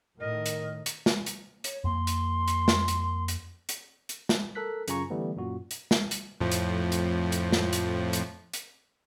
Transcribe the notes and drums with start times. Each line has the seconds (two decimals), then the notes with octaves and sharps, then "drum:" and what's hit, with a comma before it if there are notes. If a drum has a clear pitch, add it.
0.20 A2 D#3 A#4 D#5
0.46 drum: hi-hat
0.86 drum: hi-hat
1.06 drum: snare
1.26 drum: hi-hat
1.64 C#5, drum: hi-hat
1.84 F2 A#3 C6
2.07 drum: hi-hat
2.48 drum: hi-hat
2.68 drum: snare
2.88 drum: hi-hat
3.28 drum: hi-hat
3.69 drum: hi-hat
4.09 drum: hi-hat
4.29 drum: snare
4.55 A4 A#4 F#6 B6
4.88 F#2 C#3 F4 G#5 A#5 C#6, drum: hi-hat
5.10 D3 E3 G3 A3 B3
5.36 F#2 A#2 F#4
5.71 drum: hi-hat
5.91 drum: snare
6.11 drum: hi-hat
6.40 F2 A2 F3
6.51 drum: hi-hat
6.92 drum: hi-hat
7.32 drum: hi-hat
7.52 drum: snare
7.73 drum: hi-hat
8.13 drum: hi-hat
8.53 drum: hi-hat